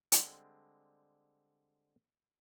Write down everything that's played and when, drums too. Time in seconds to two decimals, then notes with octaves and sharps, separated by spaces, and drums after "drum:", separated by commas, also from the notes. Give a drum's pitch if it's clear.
0.12 D3 G3 G#3 C4, drum: hi-hat